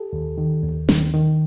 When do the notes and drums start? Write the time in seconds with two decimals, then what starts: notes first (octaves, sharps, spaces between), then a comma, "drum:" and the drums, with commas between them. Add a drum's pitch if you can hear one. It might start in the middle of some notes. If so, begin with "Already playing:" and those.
Already playing: G4 A4
0.13 D#2
0.38 D#3
0.63 D#2
0.89 D#3, drum: snare
1.13 D#3